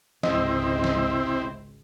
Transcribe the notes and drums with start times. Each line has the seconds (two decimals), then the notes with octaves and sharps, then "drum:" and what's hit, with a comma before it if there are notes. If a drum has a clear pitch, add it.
0.23 G#1 C#2 C3 C4 E4 D#5, drum: snare
0.84 drum: snare